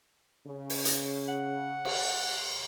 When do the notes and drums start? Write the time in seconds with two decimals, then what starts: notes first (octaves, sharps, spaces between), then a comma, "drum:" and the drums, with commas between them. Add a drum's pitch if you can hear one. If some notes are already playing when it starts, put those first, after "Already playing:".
0.46 C#3
0.70 drum: open hi-hat
0.85 drum: hi-hat
1.28 F#5
1.85 drum: cymbal